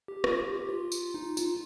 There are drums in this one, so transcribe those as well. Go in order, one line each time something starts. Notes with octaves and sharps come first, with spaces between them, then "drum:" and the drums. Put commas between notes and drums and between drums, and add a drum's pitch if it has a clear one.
G4
F4, drum: rim click
G4
G4
F4
drum: tambourine
D#4
F4, drum: tambourine